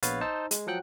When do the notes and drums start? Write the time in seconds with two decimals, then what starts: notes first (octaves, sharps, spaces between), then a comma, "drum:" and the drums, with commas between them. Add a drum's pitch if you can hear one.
0.03 A#1 B3 B4 C#5 F5 A6, drum: hi-hat
0.21 D#4 C5 A5 E6
0.51 G#3, drum: hi-hat
0.67 F3 F#3 F#5 G5 F#6